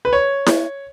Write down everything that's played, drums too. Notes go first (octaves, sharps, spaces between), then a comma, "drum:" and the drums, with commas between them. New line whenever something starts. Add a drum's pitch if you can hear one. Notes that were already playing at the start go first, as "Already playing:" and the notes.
B4
C#5
drum: snare E4